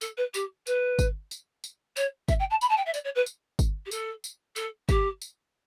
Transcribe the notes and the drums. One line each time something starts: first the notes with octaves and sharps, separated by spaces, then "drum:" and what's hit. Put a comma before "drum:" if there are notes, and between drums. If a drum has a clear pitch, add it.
A4, drum: tambourine
B4
G4, drum: tambourine
B4, drum: tambourine
drum: kick G1, tambourine
drum: tambourine
drum: tambourine
C#5, drum: tambourine
E5, drum: kick G1, tambourine
G5
A5
B5, drum: tambourine
A5
G5
E5
D5, drum: tambourine
C#5
B4
drum: tambourine
drum: kick G1, tambourine
G4
A4, drum: tambourine
drum: tambourine
A4, drum: tambourine
G4, drum: kick G1, tambourine
drum: tambourine